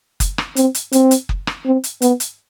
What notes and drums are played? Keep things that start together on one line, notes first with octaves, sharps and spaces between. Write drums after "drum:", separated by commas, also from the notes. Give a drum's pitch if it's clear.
drum: kick F#1, hi-hat
drum: rim click
C4, drum: hi-hat
drum: hi-hat
C4, drum: hi-hat
drum: hi-hat
drum: kick F#1
drum: rim click
C4
drum: hi-hat
B3, drum: hi-hat
drum: hi-hat